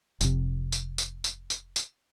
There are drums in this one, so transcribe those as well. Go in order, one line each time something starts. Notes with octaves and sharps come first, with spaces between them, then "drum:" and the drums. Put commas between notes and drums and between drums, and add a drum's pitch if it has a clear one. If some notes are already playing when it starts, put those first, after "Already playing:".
F1 C3, drum: tambourine
drum: tambourine
drum: tambourine
drum: tambourine
drum: tambourine
drum: tambourine